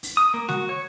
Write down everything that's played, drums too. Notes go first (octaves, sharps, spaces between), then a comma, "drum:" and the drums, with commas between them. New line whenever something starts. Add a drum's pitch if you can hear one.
drum: open hi-hat
D#6
A#3
F#4, drum: snare G#3
C#5